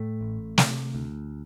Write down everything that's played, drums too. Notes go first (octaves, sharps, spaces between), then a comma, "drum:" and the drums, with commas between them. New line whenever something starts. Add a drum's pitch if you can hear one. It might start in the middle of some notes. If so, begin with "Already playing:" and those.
Already playing: A2 A3
A1
C3, drum: snare
D2